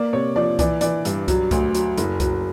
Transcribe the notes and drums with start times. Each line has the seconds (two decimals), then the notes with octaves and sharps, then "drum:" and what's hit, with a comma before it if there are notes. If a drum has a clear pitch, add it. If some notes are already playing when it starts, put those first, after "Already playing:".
Already playing: A#3 D5
0.13 C3 C#5
0.36 F3 D5
0.59 E3 D5, drum: kick C2, hi-hat
0.81 E3 D5, drum: hi-hat
1.05 G2, drum: hi-hat
1.28 F#3, drum: kick C2, hi-hat
1.51 D2, drum: kick C2, hi-hat
1.75 F#3, drum: hi-hat
1.98 F#1, drum: hi-hat
2.20 F#3, drum: kick C2, hi-hat